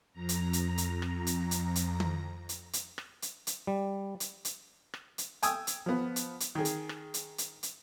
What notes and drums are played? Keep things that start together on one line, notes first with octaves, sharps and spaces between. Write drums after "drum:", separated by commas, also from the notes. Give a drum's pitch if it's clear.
F2 A#5
drum: hi-hat
drum: hi-hat
drum: hi-hat
drum: rim click
drum: hi-hat
drum: hi-hat
drum: hi-hat
drum: tom D#3
drum: hi-hat
drum: hi-hat
drum: rim click
drum: hi-hat
drum: hi-hat
G3
drum: hi-hat
drum: hi-hat
drum: rim click
drum: hi-hat
G5 G#5 D#6 E6, drum: hi-hat
drum: hi-hat
F3 B3
drum: hi-hat
drum: hi-hat
D#3 G#4
drum: hi-hat
drum: rim click
drum: hi-hat
drum: hi-hat
drum: hi-hat